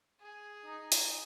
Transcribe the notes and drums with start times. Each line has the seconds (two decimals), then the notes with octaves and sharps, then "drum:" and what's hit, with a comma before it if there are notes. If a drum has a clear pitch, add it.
0.21 G#4
0.66 D#4
0.92 drum: hi-hat